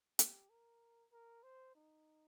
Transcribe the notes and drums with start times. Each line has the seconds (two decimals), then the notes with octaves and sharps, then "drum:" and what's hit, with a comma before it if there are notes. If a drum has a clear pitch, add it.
0.19 G4, drum: hi-hat
0.50 A#4
1.12 A#4
1.43 C5
1.75 D#4